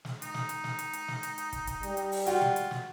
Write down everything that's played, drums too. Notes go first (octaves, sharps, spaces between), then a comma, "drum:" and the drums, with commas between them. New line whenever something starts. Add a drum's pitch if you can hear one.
drum: snare
D#4, drum: hi-hat
drum: snare
drum: hi-hat
drum: snare
drum: hi-hat
drum: hi-hat
drum: snare
drum: hi-hat
drum: hi-hat
drum: kick, hi-hat
drum: kick, hi-hat
G3, drum: hi-hat
drum: hi-hat
drum: open hi-hat
F4 F#4 G5, drum: hi-hat
drum: snare
drum: hi-hat
drum: snare